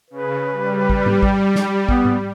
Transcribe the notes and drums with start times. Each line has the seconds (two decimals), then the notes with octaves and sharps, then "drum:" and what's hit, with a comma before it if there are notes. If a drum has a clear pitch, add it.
0.11 C#3 B4
0.51 G3
0.90 drum: kick A1
1.06 drum: tom G#2
1.23 drum: kick A1
1.56 drum: snare
1.89 B3, drum: kick A1
2.05 drum: tom G#2